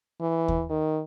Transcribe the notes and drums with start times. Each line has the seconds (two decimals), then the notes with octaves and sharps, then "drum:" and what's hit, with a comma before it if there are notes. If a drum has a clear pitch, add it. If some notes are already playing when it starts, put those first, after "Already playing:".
0.21 E3
0.48 drum: kick D#2
0.70 D#3